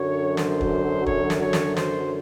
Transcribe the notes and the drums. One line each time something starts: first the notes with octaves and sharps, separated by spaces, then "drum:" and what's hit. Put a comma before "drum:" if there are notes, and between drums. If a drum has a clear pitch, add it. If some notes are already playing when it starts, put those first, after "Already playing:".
Already playing: F#2 D3 F#3 C#5
C5, drum: snare
drum: kick
C#5, drum: kick
drum: snare
C#5
drum: snare
C5, drum: snare